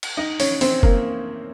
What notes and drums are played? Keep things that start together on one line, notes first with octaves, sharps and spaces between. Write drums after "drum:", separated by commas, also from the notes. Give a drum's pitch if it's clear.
drum: cymbal
D#4 D#5
C#4 C#5, drum: open hi-hat
C4 C5, drum: open hi-hat
A#3 A#4, drum: kick F#1